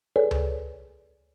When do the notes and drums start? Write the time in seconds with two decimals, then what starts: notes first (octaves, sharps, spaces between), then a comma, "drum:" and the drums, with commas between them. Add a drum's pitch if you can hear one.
0.16 G#4 A4 B4 C#5 D5 G#5
0.31 drum: tom C#2